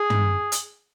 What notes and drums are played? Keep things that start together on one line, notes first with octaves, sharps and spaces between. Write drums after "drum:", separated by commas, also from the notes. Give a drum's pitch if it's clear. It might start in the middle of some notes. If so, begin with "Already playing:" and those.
Already playing: G#4
drum: tom
drum: hi-hat